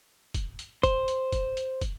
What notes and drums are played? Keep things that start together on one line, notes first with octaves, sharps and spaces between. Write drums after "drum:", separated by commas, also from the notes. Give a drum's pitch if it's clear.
drum: kick, hi-hat
drum: hi-hat
C5, drum: kick, hi-hat
drum: hi-hat
drum: kick, hi-hat
drum: hi-hat
drum: kick, hi-hat